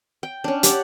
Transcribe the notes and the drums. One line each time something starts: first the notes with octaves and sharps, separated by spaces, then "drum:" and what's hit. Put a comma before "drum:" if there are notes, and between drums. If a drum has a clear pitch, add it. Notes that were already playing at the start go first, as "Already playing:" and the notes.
G5
C#4 D4
G4 C#5 D5 F#5, drum: hi-hat